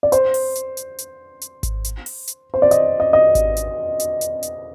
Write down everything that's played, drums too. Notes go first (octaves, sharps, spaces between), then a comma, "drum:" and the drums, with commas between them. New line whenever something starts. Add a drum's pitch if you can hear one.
D5
C5, drum: hi-hat
drum: open hi-hat
drum: hi-hat
drum: hi-hat
drum: hi-hat
drum: hi-hat
drum: kick G#1, hi-hat
drum: hi-hat
drum: open hi-hat
drum: hi-hat
C5
D5
D#5, drum: hi-hat
D#5
D#5
drum: kick G#1, hi-hat
drum: hi-hat
drum: hi-hat
drum: hi-hat
drum: hi-hat